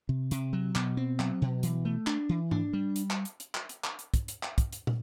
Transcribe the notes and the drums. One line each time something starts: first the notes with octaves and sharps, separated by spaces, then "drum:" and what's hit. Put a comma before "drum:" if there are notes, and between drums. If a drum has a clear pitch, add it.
C3
C3, drum: hi-hat
F#3
B2, drum: clap
C4
F#3, drum: clap
B2
E3, drum: hi-hat
A3
D4, drum: clap
E3
D4, drum: tom G#2
G3
drum: hi-hat
drum: clap
drum: hi-hat
drum: hi-hat
drum: clap
drum: hi-hat
drum: clap
drum: hi-hat
drum: kick, hi-hat
drum: hi-hat
drum: clap
drum: kick, hi-hat
drum: hi-hat
drum: tom